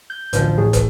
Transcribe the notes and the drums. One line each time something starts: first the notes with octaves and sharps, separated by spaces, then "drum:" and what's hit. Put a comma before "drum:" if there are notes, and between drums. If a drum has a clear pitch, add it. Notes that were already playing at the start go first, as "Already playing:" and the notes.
G6
A1 D2 F3, drum: hi-hat
A1 A2 G#4
drum: kick, hi-hat